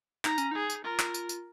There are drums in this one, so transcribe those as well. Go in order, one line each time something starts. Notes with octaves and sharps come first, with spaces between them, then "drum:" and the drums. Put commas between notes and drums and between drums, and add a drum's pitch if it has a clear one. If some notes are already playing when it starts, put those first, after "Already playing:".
D#4 A#5, drum: clap
C#4, drum: tambourine
D#4 G#4
drum: tambourine
F4 A#4
drum: clap
drum: tambourine
drum: tambourine